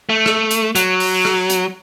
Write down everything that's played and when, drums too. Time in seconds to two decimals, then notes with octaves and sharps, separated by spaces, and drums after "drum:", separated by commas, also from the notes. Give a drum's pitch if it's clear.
0.09 A3
0.26 drum: rim click
0.51 drum: hi-hat
0.75 F#3, drum: hi-hat
1.00 drum: open hi-hat
1.25 drum: rim click
1.50 drum: hi-hat